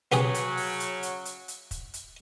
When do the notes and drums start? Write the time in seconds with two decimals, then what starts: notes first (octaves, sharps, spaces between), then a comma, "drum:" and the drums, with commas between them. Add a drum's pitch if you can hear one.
0.12 C#3 F#3 B3 G4 G#4, drum: hi-hat
0.34 drum: hi-hat
0.57 drum: open hi-hat
0.80 drum: hi-hat
1.03 drum: hi-hat
1.25 drum: hi-hat
1.48 drum: hi-hat
1.71 drum: kick, hi-hat
1.94 drum: hi-hat